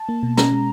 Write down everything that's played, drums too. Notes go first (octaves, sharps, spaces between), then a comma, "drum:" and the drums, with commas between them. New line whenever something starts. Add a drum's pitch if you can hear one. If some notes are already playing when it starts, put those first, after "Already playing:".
Already playing: A5
A#3
B2
C#4 A#5, drum: snare
G#3